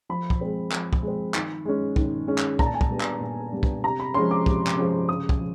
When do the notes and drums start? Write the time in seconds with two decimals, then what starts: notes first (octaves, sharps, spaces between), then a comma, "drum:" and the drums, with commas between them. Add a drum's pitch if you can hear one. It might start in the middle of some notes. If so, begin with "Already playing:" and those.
0.09 F3 B5
0.30 drum: kick
0.41 G#3 C4
0.72 F3, drum: clap
0.93 drum: kick
1.02 G#3
1.08 C4
1.34 D#3, drum: clap
1.65 G#3 C#4
1.96 D#3, drum: kick
2.27 G#3 C#4
2.38 drum: clap
2.59 A#2 A#5, drum: kick
2.66 A5
2.74 G#5
2.81 A5, drum: kick
2.91 G3 B3 D4
3.01 drum: clap
3.21 A#2
3.53 G3 B3 D4
3.63 drum: kick
3.84 C3 A#5
4.00 B5
4.14 F3 G#3 C#4 C6
4.31 D6
4.46 C3, drum: kick
4.67 drum: clap
4.77 F3 G#3 C#4
5.09 C#3 D#6
5.29 drum: kick
5.39 F3